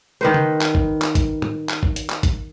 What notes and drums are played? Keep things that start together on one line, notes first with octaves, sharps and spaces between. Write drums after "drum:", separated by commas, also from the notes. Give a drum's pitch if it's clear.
D#3 B4 C5
drum: tom C#3
drum: clap
drum: kick
drum: clap
drum: kick, hi-hat
drum: tom
drum: clap
drum: kick
drum: hi-hat
drum: clap
drum: kick, hi-hat